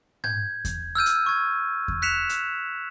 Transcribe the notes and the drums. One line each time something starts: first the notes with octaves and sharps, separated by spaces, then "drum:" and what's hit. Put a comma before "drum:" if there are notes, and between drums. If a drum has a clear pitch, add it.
G6 G#6, drum: tom G#2
drum: kick E2, hi-hat
E6 F6 G6 D#7
drum: hi-hat
C#6 G#6
drum: kick E2
F#6 B6 C#7 E7 F7
drum: hi-hat